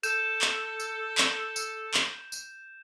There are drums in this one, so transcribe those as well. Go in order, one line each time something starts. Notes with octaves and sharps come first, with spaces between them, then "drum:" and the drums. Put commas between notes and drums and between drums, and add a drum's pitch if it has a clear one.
A4 G6 E7, drum: tambourine
drum: clap
drum: tambourine
drum: clap
drum: tambourine
drum: clap
drum: tambourine